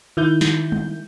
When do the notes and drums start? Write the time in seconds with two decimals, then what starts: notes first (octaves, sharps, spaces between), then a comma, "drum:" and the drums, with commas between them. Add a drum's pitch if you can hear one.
0.17 D#3 E4 G6
0.41 drum: snare
0.72 drum: tom G3